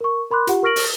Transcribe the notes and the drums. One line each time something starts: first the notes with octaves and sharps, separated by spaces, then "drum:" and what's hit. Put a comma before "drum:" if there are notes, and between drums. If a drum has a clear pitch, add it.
A#4 C#6
A#4 B5 C6 D6 F#6
F4 G4 F#5, drum: hi-hat
A#4 C#6 F6 A#6 D7 F#7
drum: open hi-hat